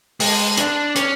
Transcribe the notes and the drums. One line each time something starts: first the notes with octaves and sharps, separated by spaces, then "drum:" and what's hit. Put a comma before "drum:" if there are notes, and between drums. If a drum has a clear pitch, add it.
G#3, drum: open hi-hat
D4, drum: hi-hat
C#4, drum: hi-hat